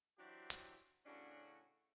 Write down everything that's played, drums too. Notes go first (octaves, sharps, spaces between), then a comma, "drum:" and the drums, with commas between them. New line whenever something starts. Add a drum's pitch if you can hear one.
E3 F#3 D4 F#4 G4 C5
drum: hi-hat
A2 C#3 C#4 D4 F#4